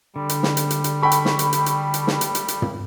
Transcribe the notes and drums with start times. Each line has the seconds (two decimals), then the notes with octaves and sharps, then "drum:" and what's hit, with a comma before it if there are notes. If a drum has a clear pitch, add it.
0.16 D3 G3
0.29 drum: hi-hat
0.43 drum: snare
0.57 drum: hi-hat
0.70 drum: hi-hat
0.84 drum: hi-hat
1.03 A4 G5 B5 C#6
1.12 drum: hi-hat
1.25 drum: snare
1.39 drum: hi-hat
1.53 drum: hi-hat
1.66 drum: hi-hat
1.94 drum: hi-hat
2.07 drum: snare
2.21 drum: hi-hat
2.35 drum: hi-hat
2.48 drum: hi-hat
2.62 drum: tom